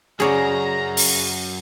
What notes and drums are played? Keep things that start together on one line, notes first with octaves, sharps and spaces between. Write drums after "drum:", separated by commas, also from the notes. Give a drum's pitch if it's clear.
F#2 C#3 F#4 G#4 C#5 D5 A#5
drum: open hi-hat